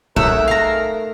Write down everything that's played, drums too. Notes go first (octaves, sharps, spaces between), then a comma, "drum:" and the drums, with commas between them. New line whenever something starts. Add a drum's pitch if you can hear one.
D#3 A3 D#4 G#4 A#4 C#5 E5 F#5, drum: kick
F5 A#5